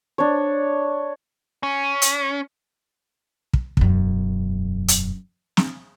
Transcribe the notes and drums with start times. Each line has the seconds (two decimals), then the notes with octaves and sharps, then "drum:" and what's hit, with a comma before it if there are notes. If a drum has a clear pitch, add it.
0.18 D4 C#5
1.63 C#4
2.02 drum: hi-hat
3.53 drum: kick
3.77 E1 F#2, drum: kick
4.88 drum: hi-hat
5.57 drum: snare